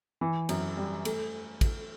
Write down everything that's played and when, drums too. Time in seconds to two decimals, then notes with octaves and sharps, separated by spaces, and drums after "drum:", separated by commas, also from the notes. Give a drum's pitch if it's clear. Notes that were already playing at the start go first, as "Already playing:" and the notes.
0.21 E3
0.49 F#2, drum: cymbal
0.77 G3
1.05 A3, drum: cymbal
1.61 drum: kick, cymbal